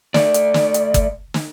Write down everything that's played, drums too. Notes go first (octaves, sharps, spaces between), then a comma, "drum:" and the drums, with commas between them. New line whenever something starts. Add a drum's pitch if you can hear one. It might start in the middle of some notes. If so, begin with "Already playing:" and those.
A3 D5, drum: snare
drum: hi-hat
drum: snare
drum: hi-hat
drum: kick G1, hi-hat
drum: snare